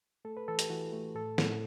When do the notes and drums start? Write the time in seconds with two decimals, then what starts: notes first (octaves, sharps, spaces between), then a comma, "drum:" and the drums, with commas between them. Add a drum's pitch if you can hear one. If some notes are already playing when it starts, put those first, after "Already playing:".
0.25 A3 A4
0.37 B4
0.48 E3 A4
0.59 G4, drum: hi-hat
0.70 E3 F#4
0.93 A3
1.15 A2 A4
1.38 A2, drum: snare